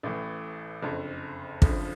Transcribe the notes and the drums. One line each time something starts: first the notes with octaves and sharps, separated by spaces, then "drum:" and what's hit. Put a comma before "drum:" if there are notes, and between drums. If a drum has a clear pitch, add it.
A1 A2 E3
F#1 F2 D3
F#1 F2 D3 F3, drum: kick